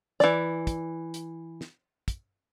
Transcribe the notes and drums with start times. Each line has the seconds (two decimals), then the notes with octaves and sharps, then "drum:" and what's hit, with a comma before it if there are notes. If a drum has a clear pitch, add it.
0.20 E3 D5, drum: snare
0.67 drum: kick, hi-hat
1.14 drum: hi-hat
1.61 drum: snare
2.08 drum: kick, hi-hat